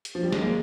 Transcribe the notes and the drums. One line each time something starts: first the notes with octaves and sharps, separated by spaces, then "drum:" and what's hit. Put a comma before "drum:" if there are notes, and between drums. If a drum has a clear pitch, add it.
drum: hi-hat
F3
G3
G#3, drum: snare
A#3